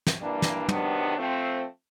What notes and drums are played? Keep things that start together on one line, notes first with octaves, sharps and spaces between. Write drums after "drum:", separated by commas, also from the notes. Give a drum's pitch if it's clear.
drum: snare
G2 E3 G3 A#3 D4
drum: snare
C3 D#3 F#3 B3 D4, drum: tom
F3 A3 C4